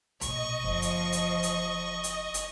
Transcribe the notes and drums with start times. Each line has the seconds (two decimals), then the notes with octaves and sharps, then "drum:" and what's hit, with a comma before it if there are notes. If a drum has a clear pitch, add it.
0.21 A#1 B2 D#5 C#6, drum: hi-hat
0.64 F#1 F3
0.82 drum: hi-hat
1.12 drum: hi-hat
1.43 drum: hi-hat
2.04 drum: hi-hat
2.34 drum: hi-hat